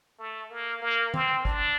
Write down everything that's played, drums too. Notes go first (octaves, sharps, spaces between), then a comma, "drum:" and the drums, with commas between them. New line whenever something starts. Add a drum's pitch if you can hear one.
A3
A#3
A#3
C4, drum: tom D#3
D4, drum: kick